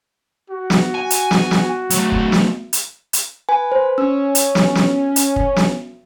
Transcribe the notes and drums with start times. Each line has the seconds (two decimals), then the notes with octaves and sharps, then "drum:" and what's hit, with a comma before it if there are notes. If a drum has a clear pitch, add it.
0.50 F#4
0.70 drum: snare
0.94 G#5
1.10 drum: hi-hat
1.31 drum: snare
1.51 drum: snare
1.90 F#3 A3, drum: hi-hat
2.12 drum: kick
2.32 drum: snare
2.73 drum: hi-hat
3.13 drum: hi-hat
3.49 B4 G#5
3.72 C5
3.98 C#4 E6
4.35 drum: hi-hat
4.55 drum: snare
4.75 drum: snare
5.16 drum: hi-hat
5.36 drum: kick
5.56 drum: snare